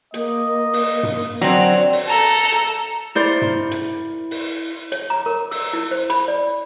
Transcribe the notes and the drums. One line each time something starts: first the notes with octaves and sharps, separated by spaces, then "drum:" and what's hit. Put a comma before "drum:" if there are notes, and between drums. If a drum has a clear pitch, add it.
A#3 D#5, drum: hi-hat
drum: open hi-hat
drum: tom
D3 F#3 C4
drum: open hi-hat
A4 A#5
drum: hi-hat
E4 A#4 C5 D5
drum: tom
drum: hi-hat
drum: open hi-hat
C#5, drum: hi-hat
A#5
A#4
E6, drum: open hi-hat
E4
C5
B5, drum: hi-hat
D5